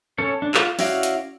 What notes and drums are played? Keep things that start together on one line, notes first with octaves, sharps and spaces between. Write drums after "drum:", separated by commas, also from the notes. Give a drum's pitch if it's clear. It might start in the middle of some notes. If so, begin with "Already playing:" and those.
C#4 A4 C#5
D4
F4, drum: clap
C#4 E4 F#4 D5 F5, drum: open hi-hat
drum: hi-hat